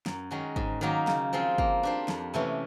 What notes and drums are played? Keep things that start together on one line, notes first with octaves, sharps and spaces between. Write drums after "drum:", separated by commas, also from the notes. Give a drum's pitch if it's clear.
F#2, drum: snare
D#3 G#3 C#4 F#4
G#2, drum: kick
D#3 F#3 A#3 D#4
C#3, drum: snare
F3 G#3 C4 F4
A#3, drum: kick
D4 G4 C5
F2, drum: snare
C3 E3 A3 C#4